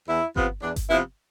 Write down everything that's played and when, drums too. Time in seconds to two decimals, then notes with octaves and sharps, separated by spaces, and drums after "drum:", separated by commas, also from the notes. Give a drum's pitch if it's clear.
0.09 E2 E4
0.36 C3 F3 B3, drum: kick G1
0.62 E2 D4
0.76 drum: kick G1, hi-hat
0.89 C3 F3 B3 E4